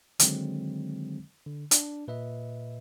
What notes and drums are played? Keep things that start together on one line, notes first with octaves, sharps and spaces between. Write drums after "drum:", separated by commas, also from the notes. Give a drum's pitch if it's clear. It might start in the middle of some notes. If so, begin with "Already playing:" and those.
D3 D#3 F#3 G#3 C4, drum: hi-hat
D3
D4, drum: hi-hat
A#2 B4 D#5 E5